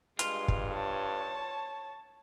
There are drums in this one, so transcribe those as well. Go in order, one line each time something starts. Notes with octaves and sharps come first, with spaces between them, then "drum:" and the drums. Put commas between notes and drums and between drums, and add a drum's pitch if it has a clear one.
G2 G#3 F4, drum: hi-hat
drum: kick
C#5 A5